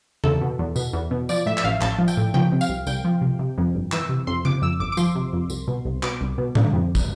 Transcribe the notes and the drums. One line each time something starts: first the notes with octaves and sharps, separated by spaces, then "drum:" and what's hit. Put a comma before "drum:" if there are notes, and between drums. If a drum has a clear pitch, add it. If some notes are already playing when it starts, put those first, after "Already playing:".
E2 A4, drum: tom C#3
B2
E2
B2, drum: tambourine
E2
B2
F3 D5, drum: tambourine
A2 E5
E5, drum: clap
A1 F5
A1 A5, drum: clap
F3
G5, drum: tambourine
A2
F3 G5, drum: tom C#3
C3
F5, drum: tambourine
C2
C2 G5, drum: tambourine
F3
C3
C3
F2
G1
E3 E6, drum: clap
C3
F2 C6
C3 D6, drum: tom C#3
F2 E6
G1 D6
D6
F3 C6, drum: tambourine
C3
F2
C2, drum: tambourine
B2
C2
B2 D6, drum: clap
C2
B2
D3, drum: tom A2
F2
drum: kick, tambourine